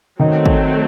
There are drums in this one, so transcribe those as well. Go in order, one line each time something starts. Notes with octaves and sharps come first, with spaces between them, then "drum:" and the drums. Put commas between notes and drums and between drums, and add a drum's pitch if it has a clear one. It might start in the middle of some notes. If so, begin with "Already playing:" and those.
D#3 F#3 A3 C4 D#4
drum: kick